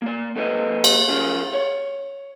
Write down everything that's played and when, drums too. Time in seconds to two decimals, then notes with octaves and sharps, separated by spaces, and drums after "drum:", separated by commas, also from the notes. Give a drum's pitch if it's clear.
0.02 A#3 D5
0.36 A#3 A4 B4 C5 D#5
0.84 drum: cymbal
1.08 C#4 D4 F4 A#4
1.53 C#5